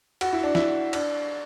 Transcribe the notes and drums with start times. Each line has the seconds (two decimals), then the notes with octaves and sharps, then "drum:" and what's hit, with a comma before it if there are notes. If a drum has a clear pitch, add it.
0.21 F#4, drum: cymbal
0.33 E4
0.43 D4
0.55 E4, drum: snare
0.93 D4, drum: cymbal